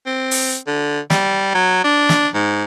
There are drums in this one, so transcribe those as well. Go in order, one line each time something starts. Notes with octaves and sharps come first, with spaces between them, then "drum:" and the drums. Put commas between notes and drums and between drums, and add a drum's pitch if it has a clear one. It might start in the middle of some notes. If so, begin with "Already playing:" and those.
C4
drum: open hi-hat
D3
G3, drum: snare
F#3
D4
drum: snare
G#2